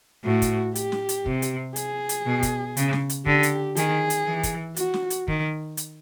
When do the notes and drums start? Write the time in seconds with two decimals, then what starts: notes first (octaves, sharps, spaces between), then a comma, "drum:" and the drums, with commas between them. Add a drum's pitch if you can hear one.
0.24 A2 F#4
0.42 drum: kick, hi-hat
0.75 G4, drum: hi-hat
0.92 drum: snare
1.09 drum: hi-hat
1.26 C3, drum: kick
1.42 drum: hi-hat
1.76 G#4, drum: hi-hat
2.09 drum: hi-hat
2.26 B2
2.43 drum: kick, hi-hat
2.77 C#3, drum: hi-hat
2.93 drum: snare
3.10 drum: hi-hat
3.26 D3 G4, drum: kick
3.43 drum: hi-hat
3.77 D#3 G#4, drum: hi-hat
4.10 drum: hi-hat
4.26 E3
4.43 drum: kick, hi-hat
4.76 F#4, drum: hi-hat
4.94 drum: snare
5.10 drum: hi-hat
5.28 D#3, drum: kick
5.77 drum: hi-hat